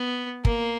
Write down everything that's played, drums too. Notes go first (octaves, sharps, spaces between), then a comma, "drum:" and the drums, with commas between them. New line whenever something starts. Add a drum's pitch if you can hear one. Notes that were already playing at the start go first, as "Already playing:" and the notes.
Already playing: B3
A#3, drum: kick